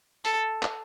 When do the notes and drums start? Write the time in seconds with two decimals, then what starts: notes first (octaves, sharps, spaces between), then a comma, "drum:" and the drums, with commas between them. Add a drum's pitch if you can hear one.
0.25 A4, drum: hi-hat
0.63 drum: clap